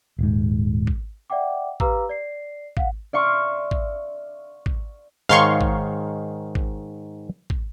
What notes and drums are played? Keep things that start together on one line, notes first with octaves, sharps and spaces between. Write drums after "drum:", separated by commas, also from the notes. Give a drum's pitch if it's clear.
D#1 G#2
drum: kick
D5 E5 F#5 G5 D6
G4 B4 F5 A#5 D6 E6, drum: kick
D5 C7
F5 F#5, drum: kick
D5 E5 F5 C6 C#6
drum: kick
drum: kick
G#2 D#3 C#5 F5 C6 C#6
drum: kick
drum: kick
drum: kick